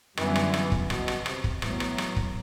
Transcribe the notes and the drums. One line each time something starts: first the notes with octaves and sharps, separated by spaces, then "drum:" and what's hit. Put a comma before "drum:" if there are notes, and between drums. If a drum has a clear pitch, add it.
F#2 D3 E3 G3 B3, drum: rim click
drum: rim click
drum: rim click
drum: kick
B2, drum: rim click
drum: rim click
C3, drum: rim click
drum: kick
A2 E3 F#3 B3, drum: rim click
drum: rim click
drum: rim click
drum: kick